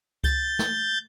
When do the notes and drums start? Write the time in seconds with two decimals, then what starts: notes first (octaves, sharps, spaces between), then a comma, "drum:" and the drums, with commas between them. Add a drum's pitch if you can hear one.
0.24 G6 A6, drum: kick C#2, hi-hat
0.59 drum: snare